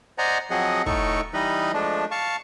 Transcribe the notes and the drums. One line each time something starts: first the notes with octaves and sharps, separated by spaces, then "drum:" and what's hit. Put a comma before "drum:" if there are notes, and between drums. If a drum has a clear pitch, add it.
C5 D5 D#5 F#5 G#5 A#5
F3 F#3 C4 G#4 D#5 F#5
A2 A3 D#4 A4 C#6, drum: kick
E3 G3 D#4 B4 D#5
F3 G#3 A3 D4
F5 A5 C#6